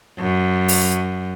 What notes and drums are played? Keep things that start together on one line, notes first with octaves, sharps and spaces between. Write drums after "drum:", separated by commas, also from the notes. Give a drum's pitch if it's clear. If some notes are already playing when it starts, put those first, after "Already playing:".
F#2
drum: open hi-hat